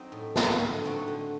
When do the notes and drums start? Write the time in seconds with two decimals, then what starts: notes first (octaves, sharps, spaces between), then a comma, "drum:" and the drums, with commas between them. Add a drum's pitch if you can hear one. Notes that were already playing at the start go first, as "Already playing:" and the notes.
Already playing: F#3 C4 D#4
0.12 A2
0.36 F#3 C4 D#4, drum: snare
0.60 D3
0.84 A3 C4 D#4 F#4
1.08 D3